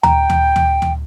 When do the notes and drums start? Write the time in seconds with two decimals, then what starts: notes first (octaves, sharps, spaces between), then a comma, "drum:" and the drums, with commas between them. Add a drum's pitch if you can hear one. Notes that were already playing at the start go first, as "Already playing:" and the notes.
0.03 G5 A#5, drum: tom D2
0.30 drum: tom D2
0.56 drum: tom D2
0.82 drum: tom D2